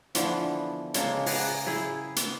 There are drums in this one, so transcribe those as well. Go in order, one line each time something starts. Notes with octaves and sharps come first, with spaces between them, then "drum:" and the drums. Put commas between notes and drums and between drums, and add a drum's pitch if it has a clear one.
D3 E3 F3 B3, drum: hi-hat
C#3 G#3 A#3 A4, drum: hi-hat
G#4 A#4 B4 F#5, drum: open hi-hat
E4 G#4 G5
drum: hi-hat